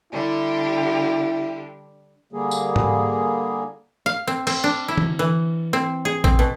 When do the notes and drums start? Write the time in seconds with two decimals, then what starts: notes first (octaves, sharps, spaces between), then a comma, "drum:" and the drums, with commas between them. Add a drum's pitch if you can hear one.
0.13 D3 G3 E4 G4
2.33 D3 G3 A#3 G#4
2.51 drum: tambourine
2.76 drum: tom G#2
4.06 F5
4.27 C4
4.47 C4, drum: cymbal
4.64 D4
4.88 E4
4.97 drum: tom D3
5.19 E3
5.73 C4
6.05 G#4
6.24 C4, drum: kick A#1
6.39 B2